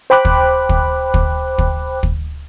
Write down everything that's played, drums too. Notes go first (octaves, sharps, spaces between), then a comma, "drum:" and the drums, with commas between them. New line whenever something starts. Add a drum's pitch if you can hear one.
C5 G5 B5 D6 F#6
drum: kick
drum: kick
drum: kick
drum: kick
drum: kick